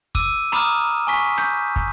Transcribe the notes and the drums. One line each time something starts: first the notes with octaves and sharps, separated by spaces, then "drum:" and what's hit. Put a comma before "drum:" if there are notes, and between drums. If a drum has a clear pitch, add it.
D6 E6 D#7, drum: kick
A#5 B5 D6 D#6 F6 E7, drum: rim click
G#5 C#6 B6
G6, drum: rim click
drum: kick